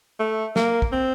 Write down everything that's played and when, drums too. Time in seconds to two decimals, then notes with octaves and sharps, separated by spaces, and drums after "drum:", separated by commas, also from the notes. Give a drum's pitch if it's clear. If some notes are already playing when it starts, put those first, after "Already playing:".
0.20 A3
0.56 A#3, drum: snare
0.82 drum: kick
0.92 C4